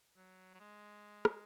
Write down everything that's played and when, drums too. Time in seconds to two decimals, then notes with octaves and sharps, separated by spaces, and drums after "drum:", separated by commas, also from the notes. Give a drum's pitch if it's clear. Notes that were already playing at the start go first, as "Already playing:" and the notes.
0.16 F#3
0.54 F#3
0.60 G#3
1.25 drum: rim click